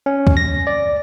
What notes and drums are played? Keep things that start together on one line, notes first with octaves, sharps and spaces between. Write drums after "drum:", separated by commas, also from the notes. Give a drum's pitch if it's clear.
C#4
drum: kick C2
A#6
D5